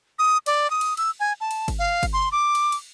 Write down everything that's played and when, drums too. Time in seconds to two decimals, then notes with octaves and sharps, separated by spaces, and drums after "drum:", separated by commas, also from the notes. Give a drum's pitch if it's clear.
0.19 D#6
0.46 D5, drum: cymbal
0.70 D#6
0.81 drum: cymbal
0.97 E6, drum: cymbal
1.20 G#5
1.40 A5
1.51 drum: cymbal
1.68 drum: kick G1, cymbal
1.79 F5
2.03 drum: kick G1, cymbal
2.13 C6
2.32 D6
2.55 drum: cymbal
2.72 drum: cymbal